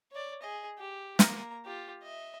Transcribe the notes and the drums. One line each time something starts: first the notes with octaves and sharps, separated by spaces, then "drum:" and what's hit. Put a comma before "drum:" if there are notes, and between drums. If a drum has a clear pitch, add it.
C#5 D5
G#4 D#5
G4
A#3 A#5, drum: snare
F4 G4
D#5 E5